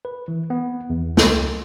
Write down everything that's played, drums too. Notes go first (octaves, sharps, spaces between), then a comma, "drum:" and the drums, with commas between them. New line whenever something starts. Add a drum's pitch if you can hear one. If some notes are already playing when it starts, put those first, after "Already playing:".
B4
E3
B3
E2
C#2, drum: snare